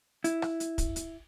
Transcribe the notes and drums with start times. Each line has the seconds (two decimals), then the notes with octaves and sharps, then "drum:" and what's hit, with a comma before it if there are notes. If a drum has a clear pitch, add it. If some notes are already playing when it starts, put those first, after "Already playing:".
0.24 E4, drum: hi-hat
0.42 drum: rim click
0.60 drum: hi-hat
0.78 drum: kick, hi-hat
0.96 drum: hi-hat